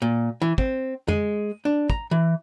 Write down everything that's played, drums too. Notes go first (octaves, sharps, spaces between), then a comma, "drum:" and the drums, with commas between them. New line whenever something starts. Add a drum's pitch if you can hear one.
A#2
E3
C4, drum: kick
G#3, drum: tom F2
D4
A#5, drum: kick
E3